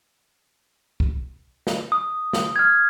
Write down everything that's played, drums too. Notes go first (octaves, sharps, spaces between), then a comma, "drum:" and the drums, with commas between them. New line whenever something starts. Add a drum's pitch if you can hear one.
drum: kick
drum: snare
D#6
drum: snare
F6 G#6